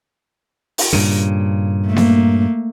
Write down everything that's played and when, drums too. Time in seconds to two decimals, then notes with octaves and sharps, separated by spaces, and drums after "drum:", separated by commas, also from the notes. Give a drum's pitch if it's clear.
0.78 drum: open hi-hat
0.93 G2 A#2 C#3
1.87 A3 A#3
1.96 drum: snare B3